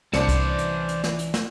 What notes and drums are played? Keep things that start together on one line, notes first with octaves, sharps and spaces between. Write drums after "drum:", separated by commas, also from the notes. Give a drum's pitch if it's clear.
C2 E3 D4 C5 D5 A5 C#7, drum: snare
drum: kick C2, hi-hat
drum: hi-hat
drum: hi-hat
drum: snare
drum: hi-hat
drum: snare